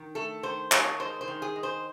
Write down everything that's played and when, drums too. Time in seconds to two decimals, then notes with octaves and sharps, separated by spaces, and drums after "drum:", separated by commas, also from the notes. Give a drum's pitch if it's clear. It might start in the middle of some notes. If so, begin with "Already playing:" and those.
Already playing: D#3
0.15 A3 A4
0.43 D#3 C5
0.72 D#3 C#5, drum: clap
0.99 G#3 C5
1.21 C5
1.28 D#3
1.42 G#4
1.56 G#3
1.63 C5